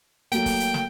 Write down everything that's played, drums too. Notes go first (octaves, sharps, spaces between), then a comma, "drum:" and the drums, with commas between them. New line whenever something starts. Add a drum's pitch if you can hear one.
F#3 A3 A#3 G5, drum: hi-hat
drum: kick, open hi-hat
drum: hi-hat
drum: snare